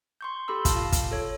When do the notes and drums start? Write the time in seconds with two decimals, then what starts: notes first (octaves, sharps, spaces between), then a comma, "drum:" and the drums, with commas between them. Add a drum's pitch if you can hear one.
0.21 C6 C#6 G6
0.48 G4 A4 B5 C6 E6
0.65 F4 F5 A5, drum: kick, hi-hat
0.92 drum: kick, hi-hat
1.11 A4 C#5